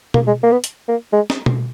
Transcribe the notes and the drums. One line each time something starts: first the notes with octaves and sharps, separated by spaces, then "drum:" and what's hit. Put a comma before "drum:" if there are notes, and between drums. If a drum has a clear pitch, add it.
A#3, drum: tom B2
G#3
A#3
B3
drum: hi-hat
A#3
G#3
drum: snare
drum: tom B2